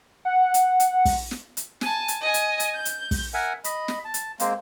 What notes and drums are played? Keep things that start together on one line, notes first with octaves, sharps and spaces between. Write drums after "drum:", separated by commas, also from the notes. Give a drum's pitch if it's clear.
F#5
drum: hi-hat
drum: hi-hat
drum: kick, open hi-hat
drum: snare
drum: hi-hat
G#5 A5, drum: snare
drum: hi-hat
D#5 G#5
drum: hi-hat
drum: hi-hat
G6
drum: hi-hat
drum: kick, open hi-hat
A#4 E5 F#5 G#5
D#5 B5, drum: hi-hat
drum: snare
A5
drum: hi-hat
G#3 A#3 C4, drum: hi-hat